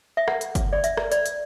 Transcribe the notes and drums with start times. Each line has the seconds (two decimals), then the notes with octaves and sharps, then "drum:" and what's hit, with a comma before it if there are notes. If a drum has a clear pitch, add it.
0.17 E5
0.28 F#5, drum: rim click
0.41 drum: hi-hat
0.55 drum: kick F#1, hi-hat
0.73 D5
0.84 E5, drum: hi-hat
0.97 drum: rim click
1.12 D5, drum: hi-hat
1.26 drum: hi-hat